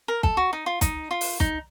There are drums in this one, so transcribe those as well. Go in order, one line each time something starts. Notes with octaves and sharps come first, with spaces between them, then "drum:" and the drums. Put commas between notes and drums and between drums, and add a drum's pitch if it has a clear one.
A#4
A4, drum: kick
F#4
D#4
F4
D#4, drum: kick, hi-hat
F4
drum: open hi-hat
D#4, drum: kick